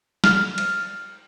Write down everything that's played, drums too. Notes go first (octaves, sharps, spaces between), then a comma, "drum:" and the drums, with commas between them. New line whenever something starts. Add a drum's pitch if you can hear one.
F6, drum: snare
drum: cymbal